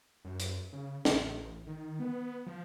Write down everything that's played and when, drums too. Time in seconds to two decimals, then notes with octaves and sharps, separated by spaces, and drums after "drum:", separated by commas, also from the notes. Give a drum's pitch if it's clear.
0.25 F#2
0.40 drum: hi-hat
0.73 C#3
1.05 A1, drum: snare
1.67 D#3
2.00 B3
2.47 F3